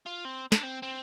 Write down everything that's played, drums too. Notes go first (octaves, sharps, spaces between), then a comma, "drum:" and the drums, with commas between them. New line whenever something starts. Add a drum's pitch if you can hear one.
F4
C4
D4, drum: snare
C4
C4